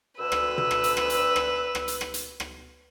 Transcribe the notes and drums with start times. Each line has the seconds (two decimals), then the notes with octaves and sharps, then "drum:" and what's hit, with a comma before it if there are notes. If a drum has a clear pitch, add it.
0.19 D2 B4 E6
0.32 drum: rim click
0.58 drum: tom
0.71 drum: rim click
0.84 drum: hi-hat
0.97 drum: rim click
1.10 drum: hi-hat
1.36 drum: rim click
1.75 drum: rim click
1.88 drum: hi-hat
2.01 drum: rim click
2.14 drum: hi-hat
2.40 drum: rim click